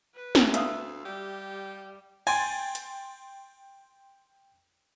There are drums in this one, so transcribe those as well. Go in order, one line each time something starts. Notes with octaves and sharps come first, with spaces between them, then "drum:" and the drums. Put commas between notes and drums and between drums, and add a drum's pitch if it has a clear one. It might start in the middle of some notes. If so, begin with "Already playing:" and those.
B4
drum: snare
D2 E5 F5 D#6, drum: hi-hat
G3 G4
G5 G#5 C6 A6, drum: cymbal
drum: hi-hat